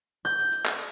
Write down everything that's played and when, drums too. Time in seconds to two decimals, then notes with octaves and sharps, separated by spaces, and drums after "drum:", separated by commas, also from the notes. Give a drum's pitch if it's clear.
0.25 G6, drum: hi-hat
0.38 drum: hi-hat
0.52 drum: hi-hat
0.65 drum: clap